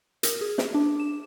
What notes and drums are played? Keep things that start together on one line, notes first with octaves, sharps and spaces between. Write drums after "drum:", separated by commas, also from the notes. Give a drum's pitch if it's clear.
A#4, drum: hi-hat
G#4
drum: snare
D4
E7